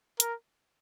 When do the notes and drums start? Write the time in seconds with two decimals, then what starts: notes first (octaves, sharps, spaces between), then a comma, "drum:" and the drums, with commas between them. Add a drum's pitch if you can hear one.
0.20 A#4, drum: hi-hat